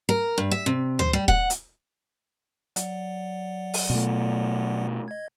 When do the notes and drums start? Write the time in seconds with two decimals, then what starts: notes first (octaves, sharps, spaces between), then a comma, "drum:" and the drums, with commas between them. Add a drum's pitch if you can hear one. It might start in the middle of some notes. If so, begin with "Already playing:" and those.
0.09 A#4
0.38 G2
0.51 E5
0.66 C3
0.99 C5, drum: tom D2
1.13 G3
1.28 F#5, drum: kick D#1
1.50 drum: hi-hat
2.76 F#3 D5 F#5, drum: hi-hat
3.74 drum: open hi-hat
3.90 B2 A3
5.08 D#5 G#6